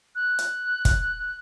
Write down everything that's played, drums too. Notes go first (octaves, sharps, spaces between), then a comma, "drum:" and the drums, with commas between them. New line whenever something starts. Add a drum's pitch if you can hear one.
F#6
drum: hi-hat
drum: kick, hi-hat